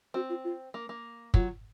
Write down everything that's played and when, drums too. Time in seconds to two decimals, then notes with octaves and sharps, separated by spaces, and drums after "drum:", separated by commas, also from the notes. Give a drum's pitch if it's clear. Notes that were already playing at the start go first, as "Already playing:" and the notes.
0.14 C4 F#4
0.29 F4
0.44 F4
0.74 A#3
0.89 A#3
1.34 F#3 F4, drum: kick